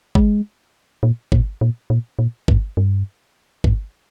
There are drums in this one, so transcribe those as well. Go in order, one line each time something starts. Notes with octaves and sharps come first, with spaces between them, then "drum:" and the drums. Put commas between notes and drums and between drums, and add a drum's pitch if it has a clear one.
G#3, drum: kick
A#2
A#2, drum: kick
A#2
A#2
A#2
G#2, drum: kick
G2
G#2, drum: kick